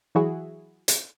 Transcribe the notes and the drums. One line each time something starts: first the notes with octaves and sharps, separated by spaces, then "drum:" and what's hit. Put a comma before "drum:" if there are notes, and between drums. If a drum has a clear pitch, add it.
E3 F#3 E4 F#4 G#4
drum: hi-hat